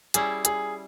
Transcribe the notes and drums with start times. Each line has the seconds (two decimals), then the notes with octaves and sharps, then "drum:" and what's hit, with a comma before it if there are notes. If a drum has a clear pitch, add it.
0.14 G3 C#4 E4 G#4, drum: hi-hat
0.45 G#4, drum: hi-hat